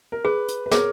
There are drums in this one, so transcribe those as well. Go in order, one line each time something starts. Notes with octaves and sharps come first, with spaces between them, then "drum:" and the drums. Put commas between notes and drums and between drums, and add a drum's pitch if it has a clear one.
A#4
G#4 B4
drum: hi-hat
B4
G#4 A#4 C#5, drum: snare